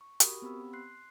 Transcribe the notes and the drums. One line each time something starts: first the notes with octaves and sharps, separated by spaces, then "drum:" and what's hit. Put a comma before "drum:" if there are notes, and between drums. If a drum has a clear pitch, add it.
C#6
F#4 G4 A#4 B5 C#6 D#6, drum: hi-hat
B3 C4 G4 B5 E6
C6 F#6 C7